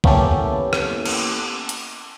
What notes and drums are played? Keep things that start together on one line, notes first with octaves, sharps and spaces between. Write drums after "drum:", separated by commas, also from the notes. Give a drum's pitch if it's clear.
A#3 B3 C#4 E4 G4 A4, drum: kick
drum: rim click
drum: cymbal
drum: hi-hat